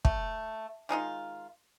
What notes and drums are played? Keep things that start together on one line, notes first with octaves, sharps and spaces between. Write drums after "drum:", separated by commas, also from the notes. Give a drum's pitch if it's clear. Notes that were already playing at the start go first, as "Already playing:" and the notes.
A3, drum: kick
D#3 G#3 D#4 F4